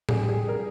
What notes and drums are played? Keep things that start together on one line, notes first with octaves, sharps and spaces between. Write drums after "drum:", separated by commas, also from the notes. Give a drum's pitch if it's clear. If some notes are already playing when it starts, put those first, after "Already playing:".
G3 G#4, drum: tom A2
G4
G#4
G3 A#4